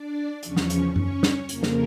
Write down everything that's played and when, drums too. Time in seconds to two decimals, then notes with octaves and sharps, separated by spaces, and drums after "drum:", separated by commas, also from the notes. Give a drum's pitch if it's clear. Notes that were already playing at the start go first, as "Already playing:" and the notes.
Already playing: D4 D5
0.43 E2 C#3 F3 C#4 C#5, drum: hi-hat
0.56 drum: snare
0.70 drum: hi-hat
0.96 C#4 C#5, drum: tom F#2
1.23 drum: snare
1.49 F2 C#3 F3 A#3 A#4, drum: hi-hat
1.63 drum: snare